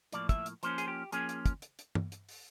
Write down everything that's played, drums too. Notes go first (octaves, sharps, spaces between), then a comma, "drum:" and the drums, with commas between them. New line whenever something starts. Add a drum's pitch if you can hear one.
A2 F3 A#3 D5, drum: hi-hat
E5, drum: kick, hi-hat
drum: hi-hat
F3 A#3 C#4 C5, drum: hi-hat
G#4, drum: hi-hat
G4
F3 A#3 C#4 G#4, drum: hi-hat
drum: hi-hat
drum: kick, hi-hat
drum: hi-hat
drum: hi-hat
drum: tom G2
drum: hi-hat
drum: open hi-hat